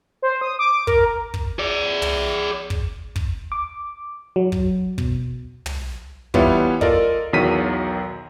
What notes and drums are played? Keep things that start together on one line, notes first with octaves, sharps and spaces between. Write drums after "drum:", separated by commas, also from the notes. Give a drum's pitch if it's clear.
C5
D#6
D6
A#4, drum: kick
drum: kick
G#4 D5
drum: tom
drum: kick
drum: kick
D6
F#3
drum: kick
B2, drum: kick
drum: tom
E3 G3 B3 F4 C#5 E5, drum: kick
F4 A4 A#4 D5 D#5, drum: kick
B1 E2 D#3 F#3 B6 D#7